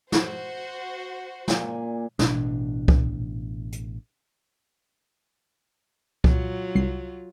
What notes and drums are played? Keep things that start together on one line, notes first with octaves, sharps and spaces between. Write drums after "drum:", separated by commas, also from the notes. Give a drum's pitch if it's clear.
F#4 C5, drum: snare
A#2 G#5 D6, drum: snare
A1 B2 D4, drum: snare
drum: kick C2
drum: hi-hat
F#3 F4, drum: kick C2
C2 C7